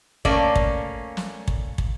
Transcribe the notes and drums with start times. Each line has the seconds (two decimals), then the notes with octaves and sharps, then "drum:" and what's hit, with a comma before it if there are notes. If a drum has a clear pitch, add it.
0.25 A3 A#3 C#4 D5, drum: kick
0.56 drum: kick
1.17 drum: snare
1.48 drum: kick
1.78 drum: kick